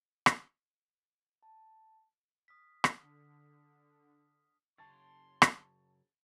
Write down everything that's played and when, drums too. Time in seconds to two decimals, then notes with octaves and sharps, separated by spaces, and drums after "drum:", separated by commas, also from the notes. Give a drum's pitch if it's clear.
0.26 drum: rim click
1.43 A5
2.48 D#6 F6 B6
2.84 drum: rim click
3.00 D3
4.78 F#2 C#3 C#5 A5 C6 C#6 A6
5.42 drum: rim click